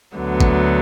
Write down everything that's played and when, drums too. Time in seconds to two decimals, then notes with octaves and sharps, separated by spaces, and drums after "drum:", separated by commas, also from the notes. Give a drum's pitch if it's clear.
0.16 D2 D3 F#3 B3
0.41 drum: kick